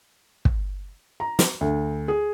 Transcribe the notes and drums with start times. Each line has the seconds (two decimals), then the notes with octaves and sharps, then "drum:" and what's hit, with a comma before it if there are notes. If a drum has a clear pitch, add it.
0.45 drum: kick
1.20 A#5
1.39 drum: snare
1.61 D2
2.08 G#4